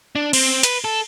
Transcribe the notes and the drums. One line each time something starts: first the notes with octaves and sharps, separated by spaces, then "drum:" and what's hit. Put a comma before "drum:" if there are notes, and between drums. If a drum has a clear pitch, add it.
D4
C4, drum: cymbal
B4, drum: hi-hat
A4